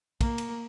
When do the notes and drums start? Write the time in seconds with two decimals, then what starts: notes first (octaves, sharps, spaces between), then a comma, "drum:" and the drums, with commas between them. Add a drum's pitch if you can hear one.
0.21 A#3, drum: kick, cymbal
0.38 drum: cymbal